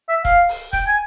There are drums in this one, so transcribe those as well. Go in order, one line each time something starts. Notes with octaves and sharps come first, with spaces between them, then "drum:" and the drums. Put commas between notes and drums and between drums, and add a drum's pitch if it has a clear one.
E5
F5, drum: kick, hi-hat
drum: open hi-hat
G5, drum: kick, hi-hat
G#5